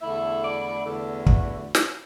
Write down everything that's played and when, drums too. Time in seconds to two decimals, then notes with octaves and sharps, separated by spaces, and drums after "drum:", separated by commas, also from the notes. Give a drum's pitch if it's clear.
0.02 E2 D3 A3 E4 E5
0.44 D5
0.85 E2 D3 A3 E4 A4
1.26 F#4, drum: kick
1.75 drum: snare